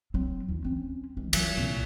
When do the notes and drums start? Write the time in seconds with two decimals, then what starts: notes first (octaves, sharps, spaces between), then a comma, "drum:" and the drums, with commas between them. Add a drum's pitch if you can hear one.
0.14 F#3 C4
0.48 D#2 F4
0.64 C4 C#4
1.17 E3 G#3
1.33 E3 F#3, drum: cymbal
1.57 C2 A#2